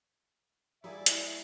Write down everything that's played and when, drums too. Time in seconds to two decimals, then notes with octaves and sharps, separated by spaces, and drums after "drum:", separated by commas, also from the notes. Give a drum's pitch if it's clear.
0.84 G3 A#3 E4 G#4 D5 E5
1.06 drum: hi-hat